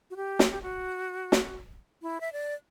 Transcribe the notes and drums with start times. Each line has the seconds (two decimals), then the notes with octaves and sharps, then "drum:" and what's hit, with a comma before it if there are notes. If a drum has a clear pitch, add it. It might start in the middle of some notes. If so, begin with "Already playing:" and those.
0.10 F#4
0.16 G4
0.39 drum: snare
0.51 G4
0.62 F#4
1.32 drum: snare
2.02 E4
2.20 E5
2.32 D5